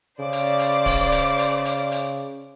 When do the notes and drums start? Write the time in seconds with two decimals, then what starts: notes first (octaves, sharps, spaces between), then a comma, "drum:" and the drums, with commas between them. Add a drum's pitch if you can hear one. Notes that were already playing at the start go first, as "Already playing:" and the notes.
0.20 C#3 C5 D5 D6
0.33 drum: hi-hat
0.59 drum: hi-hat
0.86 drum: kick D1, open hi-hat
1.12 drum: hi-hat
1.39 drum: hi-hat
1.65 drum: hi-hat
1.92 drum: hi-hat